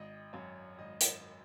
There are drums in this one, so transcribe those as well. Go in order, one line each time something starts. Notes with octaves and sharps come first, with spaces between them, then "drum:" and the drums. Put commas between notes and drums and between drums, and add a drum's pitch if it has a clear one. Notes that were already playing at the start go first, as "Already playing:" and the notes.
Already playing: G#1 D#5
F#2 C#5
G#1 D#5
drum: hi-hat